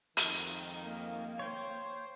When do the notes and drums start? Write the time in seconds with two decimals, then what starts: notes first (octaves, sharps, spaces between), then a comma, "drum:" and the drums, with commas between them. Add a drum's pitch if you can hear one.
0.17 F2 G#2 D#3, drum: hi-hat
0.84 A#3
1.39 C5 C#5 G5